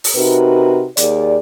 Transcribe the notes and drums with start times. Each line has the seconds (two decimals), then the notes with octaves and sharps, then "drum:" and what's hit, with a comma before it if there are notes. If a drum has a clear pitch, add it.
0.04 drum: open hi-hat
0.16 C3 D#4 F#4 A#4 B4
0.97 D#2 G#4 D5, drum: hi-hat